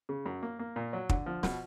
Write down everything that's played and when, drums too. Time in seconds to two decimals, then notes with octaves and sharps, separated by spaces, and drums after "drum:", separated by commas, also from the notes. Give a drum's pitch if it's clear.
0.09 C#3
0.26 F#2
0.43 A#3
0.59 A#3
0.76 A#2
0.93 F#3
1.09 D3, drum: kick
1.26 F3
1.43 B2, drum: snare